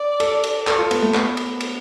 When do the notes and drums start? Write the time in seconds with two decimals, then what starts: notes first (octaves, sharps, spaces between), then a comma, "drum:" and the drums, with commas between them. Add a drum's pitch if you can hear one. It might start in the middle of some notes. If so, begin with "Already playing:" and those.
Already playing: D5
0.20 A4, drum: cymbal
0.44 drum: cymbal
0.67 A4, drum: clap
0.78 F4
0.91 B3, drum: cymbal
1.02 A3
1.14 B3, drum: clap
1.37 drum: cymbal
1.60 drum: cymbal